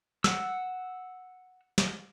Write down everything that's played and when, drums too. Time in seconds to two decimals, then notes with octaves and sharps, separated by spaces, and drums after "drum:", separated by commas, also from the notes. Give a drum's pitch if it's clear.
0.24 F#5 E6, drum: snare
1.78 drum: snare